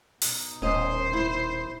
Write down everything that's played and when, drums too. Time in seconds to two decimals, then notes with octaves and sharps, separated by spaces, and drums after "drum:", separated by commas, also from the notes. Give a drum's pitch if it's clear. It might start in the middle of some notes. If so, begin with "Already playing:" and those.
0.22 B2 D#4, drum: open hi-hat
0.62 D#1 C#4 C5 D#5
1.13 E4